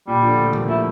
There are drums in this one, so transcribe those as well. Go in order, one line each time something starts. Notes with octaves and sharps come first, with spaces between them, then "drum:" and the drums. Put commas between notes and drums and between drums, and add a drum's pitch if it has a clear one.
A#2 G3
D3 F3
F3 A3
G3 A#3, drum: tom D3
F3 A3 E4